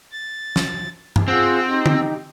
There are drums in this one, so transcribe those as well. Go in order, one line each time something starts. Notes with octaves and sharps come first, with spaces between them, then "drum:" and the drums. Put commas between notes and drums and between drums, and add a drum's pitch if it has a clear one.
A6
drum: snare
drum: tom G2
C4 F4 G#4 F#5
D#4 G4
drum: tom D3